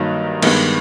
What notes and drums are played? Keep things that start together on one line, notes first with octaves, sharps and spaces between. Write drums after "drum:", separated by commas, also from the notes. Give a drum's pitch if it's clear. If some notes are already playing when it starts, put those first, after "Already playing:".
Already playing: G2 D#3 F#3 A#3 D#4
G2 D#3 G#3 B3, drum: cymbal